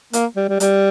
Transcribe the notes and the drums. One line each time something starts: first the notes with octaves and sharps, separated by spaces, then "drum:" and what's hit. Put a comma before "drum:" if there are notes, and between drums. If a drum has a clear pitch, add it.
A#3, drum: hi-hat
G3
G3
G3, drum: hi-hat